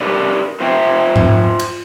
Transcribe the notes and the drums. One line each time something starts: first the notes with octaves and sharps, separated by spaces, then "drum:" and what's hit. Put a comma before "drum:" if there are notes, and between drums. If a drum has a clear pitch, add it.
G4 A#4 B4 D5
F4 C5 E5 G5
drum: tom G#2
drum: cymbal